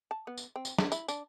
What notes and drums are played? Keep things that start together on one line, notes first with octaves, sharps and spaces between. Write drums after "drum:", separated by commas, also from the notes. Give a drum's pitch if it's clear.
A5
B3
drum: tambourine
C4
drum: tambourine
D3, drum: snare
E4, drum: tambourine
D4, drum: tambourine